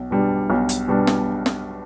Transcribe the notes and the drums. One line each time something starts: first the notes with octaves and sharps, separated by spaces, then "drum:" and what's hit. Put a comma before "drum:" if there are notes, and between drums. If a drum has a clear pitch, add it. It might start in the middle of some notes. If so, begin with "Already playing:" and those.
Already playing: B1
B2 G3 D4
B1
drum: hi-hat
B2 G3 D4
drum: snare
drum: snare